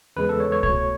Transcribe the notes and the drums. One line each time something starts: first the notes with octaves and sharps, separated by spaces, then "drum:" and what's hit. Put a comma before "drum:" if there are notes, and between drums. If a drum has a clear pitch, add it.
E2 C#3 G#3 B4
A4
C#5
C#5
B2 A3 C#5, drum: kick C2